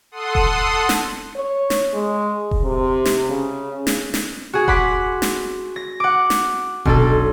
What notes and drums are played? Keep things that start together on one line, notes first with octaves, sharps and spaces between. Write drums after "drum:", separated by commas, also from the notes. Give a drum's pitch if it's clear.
A4 F#5 C6 D#6
drum: kick E1
drum: snare
C#5
drum: snare
G#3
drum: kick E1
C3
drum: snare
C#3
drum: snare
drum: snare
F#4 G#4
F#5 B5 C6 D6 B6, drum: kick E1
drum: snare
A#6
F#5 D6
drum: snare
B1 D4 A4, drum: kick E1